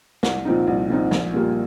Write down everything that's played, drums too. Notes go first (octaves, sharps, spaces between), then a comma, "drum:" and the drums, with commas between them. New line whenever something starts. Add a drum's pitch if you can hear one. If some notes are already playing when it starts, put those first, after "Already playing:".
C2, drum: snare
A#2 F3 C4 D#4
C2
A#2 F3 C4 D#4
A#1, drum: snare
A#2 G3 A#3 F4